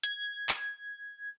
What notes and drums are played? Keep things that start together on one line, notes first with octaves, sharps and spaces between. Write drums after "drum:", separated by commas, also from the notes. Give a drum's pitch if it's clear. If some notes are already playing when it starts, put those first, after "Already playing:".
G#6, drum: hi-hat
drum: clap